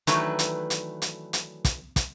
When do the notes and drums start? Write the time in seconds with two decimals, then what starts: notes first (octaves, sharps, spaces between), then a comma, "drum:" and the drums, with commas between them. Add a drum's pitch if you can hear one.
0.07 D#3 E3 F#3 A3 D4 B4, drum: hi-hat
0.39 drum: hi-hat
0.70 drum: hi-hat
1.02 drum: hi-hat
1.33 drum: hi-hat
1.65 drum: kick, hi-hat
1.96 drum: kick, hi-hat